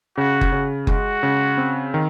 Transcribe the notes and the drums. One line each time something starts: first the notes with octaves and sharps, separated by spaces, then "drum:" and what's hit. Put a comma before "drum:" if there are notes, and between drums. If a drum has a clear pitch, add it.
C#3 F#4
drum: kick F#1
C#3
G#3 F#4, drum: kick F#1
C#3
C4
D#3